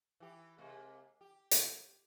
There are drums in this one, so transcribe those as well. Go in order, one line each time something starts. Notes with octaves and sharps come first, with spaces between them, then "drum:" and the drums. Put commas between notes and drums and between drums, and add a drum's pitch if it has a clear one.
E3 G4
C3 G#3 A#3
G4
drum: hi-hat